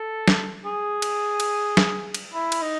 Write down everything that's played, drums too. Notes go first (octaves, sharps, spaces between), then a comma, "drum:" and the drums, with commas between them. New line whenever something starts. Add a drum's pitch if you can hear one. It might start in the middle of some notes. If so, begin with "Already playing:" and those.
Already playing: A4
drum: snare
G#4
drum: cymbal
drum: cymbal
drum: snare
drum: cymbal
E4
drum: cymbal
D#4